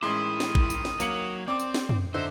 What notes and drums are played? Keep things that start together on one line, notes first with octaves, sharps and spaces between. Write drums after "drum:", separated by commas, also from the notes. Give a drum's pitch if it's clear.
A1 D#3 G#3 E4 C6 D#6
drum: snare
drum: kick G#1
drum: tambourine
drum: snare
F#3 A#3 C#7 F#7, drum: tambourine
C4 D5 D6
drum: tambourine
drum: snare
drum: tom
D3 D#4 C5 E5